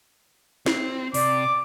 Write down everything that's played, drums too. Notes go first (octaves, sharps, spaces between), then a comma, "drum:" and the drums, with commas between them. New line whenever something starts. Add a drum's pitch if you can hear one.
C4, drum: snare
C3 D5 D6, drum: open hi-hat